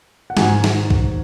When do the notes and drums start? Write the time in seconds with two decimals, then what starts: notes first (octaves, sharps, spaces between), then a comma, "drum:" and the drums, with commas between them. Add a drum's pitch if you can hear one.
0.30 F#5
0.37 G#2 D#3 F#3 G#5, drum: snare
0.64 drum: snare
0.90 drum: kick B1